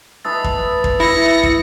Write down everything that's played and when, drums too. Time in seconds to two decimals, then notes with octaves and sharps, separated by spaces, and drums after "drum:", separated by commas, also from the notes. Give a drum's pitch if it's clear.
0.25 E3 A3 B4 D#6 E6 A6
0.44 drum: kick
0.84 drum: kick
1.00 E4 A#6 C#7
1.43 drum: kick